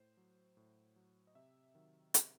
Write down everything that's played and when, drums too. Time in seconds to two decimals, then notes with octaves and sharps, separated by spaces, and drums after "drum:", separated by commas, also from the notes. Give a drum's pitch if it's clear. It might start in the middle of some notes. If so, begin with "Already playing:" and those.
Already playing: A2 C5
0.17 F#3
0.57 A2
0.96 F#3
1.27 D#5
1.35 C3 E5
1.75 D#3 F#3
2.14 C3, drum: hi-hat